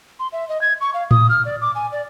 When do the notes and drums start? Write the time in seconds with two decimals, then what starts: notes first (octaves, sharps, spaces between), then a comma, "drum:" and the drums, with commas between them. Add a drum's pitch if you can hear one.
0.20 C6
0.33 E5
0.49 D#5
0.61 G#6
0.81 C#6
0.94 F5
1.11 D#6, drum: tom A2
1.30 F6
1.45 D5
1.61 D6
1.75 G#5
1.92 D5